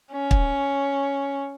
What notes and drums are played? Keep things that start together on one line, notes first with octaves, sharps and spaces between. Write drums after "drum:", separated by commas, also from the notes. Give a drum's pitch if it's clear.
C#4
drum: kick